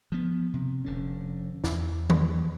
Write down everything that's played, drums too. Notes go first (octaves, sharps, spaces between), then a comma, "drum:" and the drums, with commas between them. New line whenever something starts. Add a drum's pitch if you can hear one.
F3 B3
C3
F1 D3 C#4
E2, drum: snare
drum: tom D#3